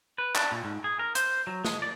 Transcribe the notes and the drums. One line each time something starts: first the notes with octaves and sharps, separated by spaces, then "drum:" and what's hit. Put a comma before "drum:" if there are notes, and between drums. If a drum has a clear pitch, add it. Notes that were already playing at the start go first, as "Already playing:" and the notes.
B4
D4, drum: clap
A#2
G#2
G#4
A#4
C5, drum: hi-hat
F#3
G#3, drum: snare
D5